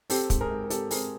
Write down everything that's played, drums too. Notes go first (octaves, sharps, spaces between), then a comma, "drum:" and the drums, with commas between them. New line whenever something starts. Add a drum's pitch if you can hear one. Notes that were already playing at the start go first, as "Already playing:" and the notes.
C4 G4 A4, drum: open hi-hat
G#2, drum: kick, hi-hat
G#4 A#4
G#2
A#4
C4 G4 A4, drum: hi-hat
C4 G#4 A#4, drum: open hi-hat